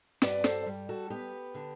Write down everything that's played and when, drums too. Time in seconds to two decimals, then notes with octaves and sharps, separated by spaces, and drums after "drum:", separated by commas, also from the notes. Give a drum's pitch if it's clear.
0.22 G2 B4 D5, drum: snare
0.44 A4 C5, drum: snare
0.66 G3
0.89 F#4 A4
1.10 B3 G4 B4
1.54 D3